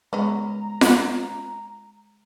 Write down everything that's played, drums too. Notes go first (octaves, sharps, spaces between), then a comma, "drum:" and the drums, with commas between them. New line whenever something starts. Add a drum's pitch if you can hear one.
G3 G#3 B3 C#4 D#5 A#5
drum: snare F4